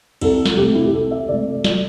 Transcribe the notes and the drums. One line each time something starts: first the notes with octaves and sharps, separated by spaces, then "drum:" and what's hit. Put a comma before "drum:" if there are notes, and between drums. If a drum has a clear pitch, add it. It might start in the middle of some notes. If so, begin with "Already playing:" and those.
C2 A4, drum: cymbal
drum: snare
C3 A3 G4
E4
G4
C2 A4
E5
C3 A3 D5
A4
D5, drum: snare